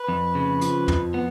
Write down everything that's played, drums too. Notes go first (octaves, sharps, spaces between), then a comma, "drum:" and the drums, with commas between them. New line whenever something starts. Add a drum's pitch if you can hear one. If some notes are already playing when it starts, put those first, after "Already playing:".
Already playing: B4
F2
C#3
F3, drum: hi-hat
F2, drum: tom
B3